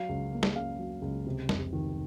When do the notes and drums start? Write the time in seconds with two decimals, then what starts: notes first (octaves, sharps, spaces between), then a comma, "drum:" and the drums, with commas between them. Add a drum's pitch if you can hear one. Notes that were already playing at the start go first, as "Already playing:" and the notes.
Already playing: F#3 F5
0.09 C#2
0.33 A#3
0.43 drum: snare
0.56 C#3 F5
0.79 F#3
1.02 C#2
1.26 C3
1.49 F1, drum: snare
1.73 D#3